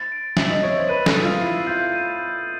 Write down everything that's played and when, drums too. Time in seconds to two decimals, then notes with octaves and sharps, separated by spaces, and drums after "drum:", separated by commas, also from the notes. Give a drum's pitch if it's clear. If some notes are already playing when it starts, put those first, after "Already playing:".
Already playing: A6
0.12 D7
0.37 E5 F#7, drum: snare
0.50 D#5
0.63 C#5 D7
0.77 C5
0.89 B4 D#7
1.06 A4, drum: snare
1.15 D#6
1.24 F4
1.41 E4 C7
1.67 F4 G6
1.93 D#7
2.18 G6